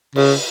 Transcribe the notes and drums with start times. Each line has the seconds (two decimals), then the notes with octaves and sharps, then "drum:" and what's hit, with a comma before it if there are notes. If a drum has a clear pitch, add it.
0.16 C#3, drum: cymbal